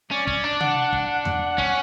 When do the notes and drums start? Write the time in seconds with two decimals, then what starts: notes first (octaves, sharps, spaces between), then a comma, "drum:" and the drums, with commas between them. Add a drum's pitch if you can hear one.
0.11 C#4 D5
0.27 C#4, drum: kick
0.44 D4
0.61 F#5, drum: tom C3
0.93 drum: kick
1.09 F#5
1.25 drum: tom E2
1.58 C#4, drum: kick